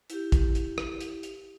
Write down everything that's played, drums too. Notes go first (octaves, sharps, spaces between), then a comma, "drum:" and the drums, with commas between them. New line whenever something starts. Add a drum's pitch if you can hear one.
E4 G4, drum: hi-hat
drum: kick, hi-hat
drum: hi-hat
drum: rim click
drum: hi-hat
drum: hi-hat